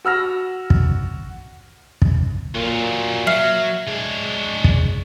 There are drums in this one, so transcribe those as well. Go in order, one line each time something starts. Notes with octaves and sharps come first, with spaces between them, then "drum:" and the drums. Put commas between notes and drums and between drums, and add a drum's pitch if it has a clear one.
F#4 E6 F6 A#6
drum: kick
drum: kick
A#2 F#3 F4
F#3 E5 F6 C7
G#3 D4 C#5
drum: kick